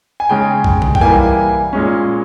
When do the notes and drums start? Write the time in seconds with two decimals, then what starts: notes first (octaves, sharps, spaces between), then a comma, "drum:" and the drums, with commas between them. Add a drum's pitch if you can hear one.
0.20 G#5
0.29 C#3 G#3 C#4 G5
0.64 drum: kick B1
0.82 drum: tom C3
0.95 G5, drum: kick B1
1.01 E3 G3 A#3 G#5
1.73 A#2 G#3 C#4